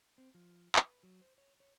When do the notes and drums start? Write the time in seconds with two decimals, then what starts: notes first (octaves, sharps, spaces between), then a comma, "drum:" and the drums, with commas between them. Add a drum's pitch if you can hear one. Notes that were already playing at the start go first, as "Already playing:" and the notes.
0.18 C4
0.35 F3
0.76 B4, drum: clap
1.03 F#3
1.21 C5
1.38 C#5
1.60 C#5